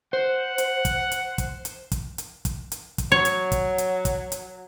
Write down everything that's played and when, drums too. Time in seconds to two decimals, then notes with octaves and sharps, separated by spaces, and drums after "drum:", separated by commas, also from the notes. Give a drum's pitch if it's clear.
0.13 C5 F#5
0.58 drum: hi-hat
0.85 drum: kick, hi-hat
1.12 drum: hi-hat
1.38 drum: kick, hi-hat
1.65 drum: hi-hat
1.92 drum: kick, hi-hat
2.18 drum: hi-hat
2.45 drum: kick, hi-hat
2.72 drum: hi-hat
2.98 drum: kick, hi-hat
3.12 F#3 C#5
3.25 drum: hi-hat
3.52 drum: kick, hi-hat
3.78 drum: hi-hat
4.05 drum: kick, hi-hat
4.32 drum: hi-hat